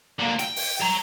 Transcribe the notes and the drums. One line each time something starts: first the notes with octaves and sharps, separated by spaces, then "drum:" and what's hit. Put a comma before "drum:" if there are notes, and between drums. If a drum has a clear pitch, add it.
D3 A#3
G5, drum: hi-hat
drum: open hi-hat
C#5 A#5